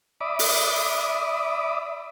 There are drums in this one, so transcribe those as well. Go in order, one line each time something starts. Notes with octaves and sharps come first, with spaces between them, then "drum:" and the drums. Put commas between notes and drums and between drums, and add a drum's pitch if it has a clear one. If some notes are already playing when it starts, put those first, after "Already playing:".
D5 E5 B5 D6 D#6
drum: open hi-hat